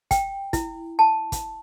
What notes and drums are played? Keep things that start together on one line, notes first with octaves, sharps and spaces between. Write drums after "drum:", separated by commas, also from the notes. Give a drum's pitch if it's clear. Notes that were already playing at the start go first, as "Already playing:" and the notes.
G5, drum: kick, hi-hat
E4, drum: kick, hi-hat
A5
drum: kick, hi-hat